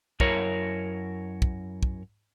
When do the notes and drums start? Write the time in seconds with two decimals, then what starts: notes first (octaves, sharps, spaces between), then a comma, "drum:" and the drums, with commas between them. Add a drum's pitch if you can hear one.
0.20 F#2 E4 A#4 C#5, drum: kick
1.42 drum: kick
1.83 drum: kick